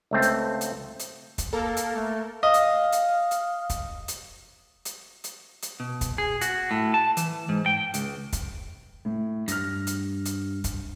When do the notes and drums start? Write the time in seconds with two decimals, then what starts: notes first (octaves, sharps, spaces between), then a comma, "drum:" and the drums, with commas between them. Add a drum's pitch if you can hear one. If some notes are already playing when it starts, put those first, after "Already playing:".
0.11 C#2 A3 C4
0.22 drum: hi-hat
0.61 drum: hi-hat
1.00 drum: hi-hat
1.38 drum: kick, hi-hat
1.53 A#3 A4 A#4
1.77 drum: hi-hat
1.96 A3
2.43 D#5 F5
2.54 drum: hi-hat
2.92 drum: hi-hat
3.31 drum: hi-hat
3.70 drum: kick, hi-hat
4.08 drum: hi-hat
4.85 drum: hi-hat
5.24 drum: hi-hat
5.63 drum: hi-hat
5.80 B2
6.01 drum: kick, hi-hat
6.18 G#4
6.41 F#4, drum: hi-hat
6.71 A2
6.94 A5
7.17 E3, drum: hi-hat
7.49 G#2
7.66 G5
7.94 C#2, drum: hi-hat
8.33 drum: kick, hi-hat
9.05 A2
9.48 G2 F6 A#6, drum: hi-hat
9.87 drum: hi-hat
10.26 drum: hi-hat
10.64 drum: kick, hi-hat